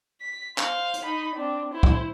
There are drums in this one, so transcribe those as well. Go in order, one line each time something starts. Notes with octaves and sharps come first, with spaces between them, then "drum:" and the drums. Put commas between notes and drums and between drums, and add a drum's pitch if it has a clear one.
B6
C5 F5, drum: clap
drum: hi-hat
D#4 B5
C4 D4
E4 C5
drum: kick